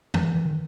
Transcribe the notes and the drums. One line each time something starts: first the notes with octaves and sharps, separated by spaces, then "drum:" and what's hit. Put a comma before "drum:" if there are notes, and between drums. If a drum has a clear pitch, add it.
E3, drum: tom F#2
E3
D#3